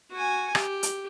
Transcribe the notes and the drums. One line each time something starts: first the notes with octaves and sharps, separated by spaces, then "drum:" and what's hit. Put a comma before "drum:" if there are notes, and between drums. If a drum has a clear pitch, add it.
F#4 G#5
G4, drum: rim click
drum: hi-hat